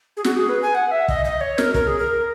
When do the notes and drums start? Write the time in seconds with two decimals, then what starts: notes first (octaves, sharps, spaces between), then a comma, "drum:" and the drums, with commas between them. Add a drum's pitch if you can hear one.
0.17 G#4
0.24 F#4, drum: snare
0.36 G#4
0.49 B4
0.62 G#5
0.75 F#5
0.91 E5
1.08 D#5, drum: kick
1.25 D#5
1.41 C#5
1.58 A#4, drum: snare
1.74 A#4, drum: kick
1.87 G#4
1.99 A#4